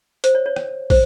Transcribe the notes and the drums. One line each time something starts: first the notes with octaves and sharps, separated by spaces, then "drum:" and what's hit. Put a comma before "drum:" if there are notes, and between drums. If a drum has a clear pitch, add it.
C5, drum: hi-hat
C#5
C#5
drum: rim click
C5, drum: kick, open hi-hat